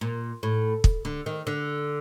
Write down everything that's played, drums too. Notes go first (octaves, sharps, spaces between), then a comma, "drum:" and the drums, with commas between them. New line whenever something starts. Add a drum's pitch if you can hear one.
A#2
A2
drum: kick
D3
D#3
D3